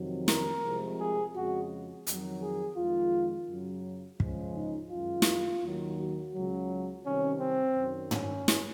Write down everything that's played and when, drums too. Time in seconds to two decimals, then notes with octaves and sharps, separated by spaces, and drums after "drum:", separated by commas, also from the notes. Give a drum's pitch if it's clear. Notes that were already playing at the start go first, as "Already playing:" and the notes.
Already playing: F2 C3 D#3 F#3
0.28 A#4, drum: snare
0.64 C2 C3 F3 G#3
0.99 G#4
1.34 F2 C#3 G#3 F#4
2.07 F2 D#3 F#3, drum: hi-hat
2.42 G#4
2.77 F2 D#3 G#3 F4
3.49 F#2 C#3 F#3
4.20 C#2 C#3 F3 G#3, drum: kick
4.55 D#4
4.91 F#2 D#3 G#3 F4
5.22 drum: snare
5.63 D#2 D#3 F#3
5.97 F#4
6.34 C#2 C#3 F#3
7.04 C2 C3 D#3 C#4
7.40 C4
7.76 F#2 D#3 F#3
8.11 C#4, drum: tom
8.48 drum: snare